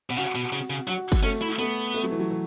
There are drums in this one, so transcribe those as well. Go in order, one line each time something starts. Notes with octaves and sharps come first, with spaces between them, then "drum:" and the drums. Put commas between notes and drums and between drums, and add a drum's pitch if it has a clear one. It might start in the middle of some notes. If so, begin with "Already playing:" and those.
B2
C#3 F#4, drum: cymbal
B2
C#3
C#3
F#3 F#4
drum: kick G1, cymbal
A3 C#4
E4
A3 B3, drum: cymbal
A3
F#3
E3
F#3
E3